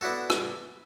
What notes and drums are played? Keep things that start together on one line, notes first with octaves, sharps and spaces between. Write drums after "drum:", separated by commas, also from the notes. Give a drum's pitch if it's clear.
B3 D4 E4 F#4 A4
drum: rim click